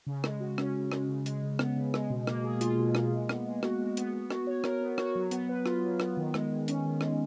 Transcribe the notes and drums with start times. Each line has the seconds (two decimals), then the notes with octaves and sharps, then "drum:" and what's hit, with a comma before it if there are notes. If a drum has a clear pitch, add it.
0.07 C#3
0.24 G#3, drum: rim click
0.40 F#4
0.58 C#4, drum: rim click
0.74 C#3
0.92 G#3, drum: rim click
1.08 C#3
1.26 G#3, drum: hi-hat
1.43 C#3
1.59 B3, drum: rim click
1.76 C#3
1.94 G#3, drum: rim click
2.10 B2
2.27 A#3, drum: rim click
2.44 G#4
2.61 F4, drum: hi-hat
2.78 B2
2.95 A#3, drum: rim click
3.12 G#3
3.29 B3, drum: rim click
3.46 G#3
3.63 F#4, drum: rim click
3.79 G#3
3.97 B3, drum: hi-hat
4.14 B3
4.30 F#4, drum: rim click
4.47 C#5
4.64 A#4, drum: rim click
4.81 B3
4.98 F#4, drum: rim click
5.15 F#3
5.31 B3, drum: hi-hat
5.49 B4
5.66 F4, drum: rim click
5.83 F#3
6.00 B3, drum: rim click
6.17 D#3
6.34 G#3, drum: rim click
6.50 D#3
6.68 C#4, drum: hi-hat
6.85 D#3
7.01 G#3, drum: rim click